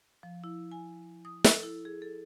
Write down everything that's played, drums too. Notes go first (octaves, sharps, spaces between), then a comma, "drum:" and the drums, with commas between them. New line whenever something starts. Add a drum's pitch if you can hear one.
F3
E4
G#5
D#6
A4, drum: snare
E4
G#4
A4